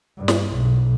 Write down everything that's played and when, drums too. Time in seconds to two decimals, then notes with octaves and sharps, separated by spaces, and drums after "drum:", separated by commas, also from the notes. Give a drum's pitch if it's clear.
0.18 G2
0.28 drum: snare
0.53 B1